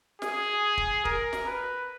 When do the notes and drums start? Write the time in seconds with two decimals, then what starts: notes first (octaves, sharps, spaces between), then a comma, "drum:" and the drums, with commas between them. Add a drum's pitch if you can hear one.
0.22 G#4, drum: snare
0.78 drum: kick
1.05 A#4, drum: kick
1.33 drum: snare
1.47 B4